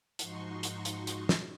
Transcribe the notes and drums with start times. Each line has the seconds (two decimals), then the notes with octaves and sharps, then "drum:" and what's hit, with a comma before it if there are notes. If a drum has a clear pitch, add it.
0.19 G#2 F3 D#4 F#4 C6 C#6, drum: hi-hat
0.63 drum: hi-hat
0.85 drum: hi-hat
1.07 drum: hi-hat
1.29 drum: snare